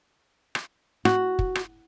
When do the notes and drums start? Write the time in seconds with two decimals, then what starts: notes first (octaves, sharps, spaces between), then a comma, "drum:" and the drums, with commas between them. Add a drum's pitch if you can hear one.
0.55 drum: rim click
1.05 F#4, drum: rim click
1.39 drum: kick
1.55 drum: rim click